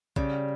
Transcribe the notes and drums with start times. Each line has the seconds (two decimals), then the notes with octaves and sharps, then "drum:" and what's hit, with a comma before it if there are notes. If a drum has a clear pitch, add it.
0.16 C#3 G3, drum: kick A#1